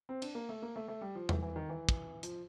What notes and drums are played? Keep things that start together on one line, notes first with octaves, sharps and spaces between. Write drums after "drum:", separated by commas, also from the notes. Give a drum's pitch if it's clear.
C4
D4, drum: cymbal
A#3
A3
A#3
A3
A3
G3
F3
E3, drum: tom E2
E3
D#3
E3
drum: kick
F3, drum: hi-hat